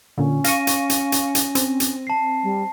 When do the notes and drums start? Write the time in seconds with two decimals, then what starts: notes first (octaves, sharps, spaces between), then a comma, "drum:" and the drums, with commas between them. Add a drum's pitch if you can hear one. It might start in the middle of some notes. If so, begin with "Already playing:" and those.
0.18 A#2 D3 C#4
0.44 F5 C#6 A#6 D#7, drum: hi-hat
0.67 drum: hi-hat
0.90 drum: hi-hat
1.12 drum: hi-hat
1.35 drum: hi-hat
1.55 C4, drum: hi-hat
1.80 drum: hi-hat
2.07 A5 C7
2.43 G3